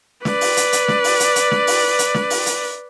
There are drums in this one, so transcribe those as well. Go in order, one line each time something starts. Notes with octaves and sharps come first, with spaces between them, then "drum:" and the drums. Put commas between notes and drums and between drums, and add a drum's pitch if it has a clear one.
B4 D5, drum: snare
drum: open hi-hat
drum: hi-hat
drum: hi-hat
drum: snare
drum: open hi-hat
drum: hi-hat
drum: hi-hat
drum: snare
drum: open hi-hat
drum: hi-hat
drum: snare
drum: open hi-hat
drum: hi-hat